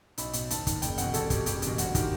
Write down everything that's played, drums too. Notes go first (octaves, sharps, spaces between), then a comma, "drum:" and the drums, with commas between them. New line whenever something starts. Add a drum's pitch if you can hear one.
B1 B5, drum: hi-hat
B2, drum: hi-hat
D#2 A5, drum: hi-hat
D#3, drum: kick, hi-hat
F#1 G5, drum: hi-hat
E2 B2 F#5, drum: hi-hat
C2 A4, drum: hi-hat
B2 G4, drum: kick, hi-hat
F#1 G4, drum: hi-hat
E2 B2, drum: hi-hat
G1 F#4, drum: hi-hat
D#3 G4, drum: kick, hi-hat